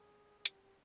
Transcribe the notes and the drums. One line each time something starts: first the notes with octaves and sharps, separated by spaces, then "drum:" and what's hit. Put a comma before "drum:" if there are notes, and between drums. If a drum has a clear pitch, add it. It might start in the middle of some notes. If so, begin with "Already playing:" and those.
Already playing: G#4
G#4
G4, drum: hi-hat
G4